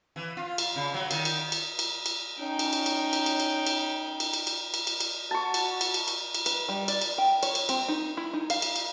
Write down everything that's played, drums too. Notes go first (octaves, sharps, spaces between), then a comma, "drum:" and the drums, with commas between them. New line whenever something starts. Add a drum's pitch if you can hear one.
E3
F4
drum: cymbal
C#3
F#3
D#3, drum: cymbal
drum: cymbal
drum: cymbal
drum: cymbal
drum: cymbal
C#4 D#4 G5
drum: cymbal
drum: cymbal
drum: cymbal
drum: cymbal
drum: cymbal
drum: cymbal
drum: cymbal
drum: cymbal
drum: cymbal
drum: cymbal
drum: cymbal
drum: cymbal
drum: cymbal
F#4 A5 C#6
drum: cymbal
drum: cymbal
drum: cymbal
drum: cymbal
drum: cymbal
B4, drum: cymbal
G3
D5, drum: cymbal
drum: cymbal
G5
C#5, drum: cymbal
drum: cymbal
C4, drum: cymbal
D#4
E4
D#4
F5, drum: cymbal
drum: cymbal
drum: cymbal